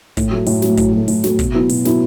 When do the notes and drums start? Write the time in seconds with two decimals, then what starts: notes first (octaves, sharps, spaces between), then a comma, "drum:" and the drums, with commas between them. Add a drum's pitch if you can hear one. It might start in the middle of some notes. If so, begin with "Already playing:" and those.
0.17 A2, drum: kick, hi-hat
0.31 F#3 A3
0.46 A2, drum: open hi-hat
0.62 F#3 A3, drum: snare
0.77 A2, drum: kick, hi-hat
0.93 F#3 A3
1.08 A2, drum: open hi-hat
1.24 F#3 A3, drum: snare
1.39 B2, drum: kick, hi-hat
1.54 F#3 B3 E4
1.69 B2, drum: open hi-hat
1.85 F#3 B3 E4, drum: snare